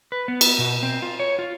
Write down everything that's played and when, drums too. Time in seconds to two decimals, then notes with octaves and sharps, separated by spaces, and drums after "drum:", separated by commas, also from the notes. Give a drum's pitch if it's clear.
0.12 B4
0.28 B3
0.41 drum: cymbal
0.58 B2
0.83 C4
1.02 F4
1.20 C#5
1.39 F4